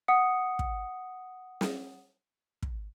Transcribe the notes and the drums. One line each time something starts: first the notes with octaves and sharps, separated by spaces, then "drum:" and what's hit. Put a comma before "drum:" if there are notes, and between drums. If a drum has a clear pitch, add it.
F#5 D#6 C#7
drum: kick
drum: snare
drum: kick